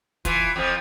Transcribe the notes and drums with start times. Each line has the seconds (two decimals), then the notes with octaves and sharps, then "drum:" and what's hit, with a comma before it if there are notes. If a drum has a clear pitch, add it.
0.25 E3 F4, drum: kick, hi-hat
0.56 F2 F3